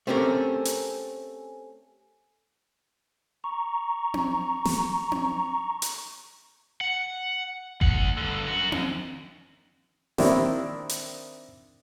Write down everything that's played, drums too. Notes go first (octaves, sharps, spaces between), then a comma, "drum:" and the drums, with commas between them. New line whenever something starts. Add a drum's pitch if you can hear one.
A3 C4 C#4 G4 A#4
drum: hi-hat
A#5 C#6
drum: tom C4
drum: snare
drum: tom C4
drum: hi-hat
F#5
D2 F#5, drum: kick G1
G2 D3
F#2 F#4
D#2, drum: tom C4
D#3 A#3 C4 D4 E4, drum: snare
drum: hi-hat